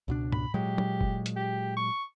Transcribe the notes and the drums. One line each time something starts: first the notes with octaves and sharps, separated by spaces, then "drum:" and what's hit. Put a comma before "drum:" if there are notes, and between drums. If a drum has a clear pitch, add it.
C#2 B2 D4
B5, drum: tom G#2
A#2 F#3 G#3 G4
drum: tom
drum: kick F#1
drum: hi-hat
G4
C#6